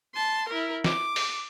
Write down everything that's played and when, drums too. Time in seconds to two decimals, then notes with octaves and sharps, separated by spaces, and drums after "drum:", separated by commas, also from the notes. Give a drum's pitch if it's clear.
0.14 A5 C6
0.49 E4 A#4
0.84 D6, drum: snare
1.16 drum: open hi-hat